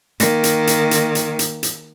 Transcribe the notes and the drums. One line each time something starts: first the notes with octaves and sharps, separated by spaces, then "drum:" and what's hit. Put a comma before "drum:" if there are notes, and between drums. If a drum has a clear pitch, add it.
D#3 A#3, drum: hi-hat
drum: hi-hat
drum: hi-hat
drum: hi-hat
drum: hi-hat
drum: hi-hat
drum: hi-hat